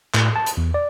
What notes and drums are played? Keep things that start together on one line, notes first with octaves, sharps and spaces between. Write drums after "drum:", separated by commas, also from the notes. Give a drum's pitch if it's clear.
A2, drum: clap
A5
drum: hi-hat
E2
D5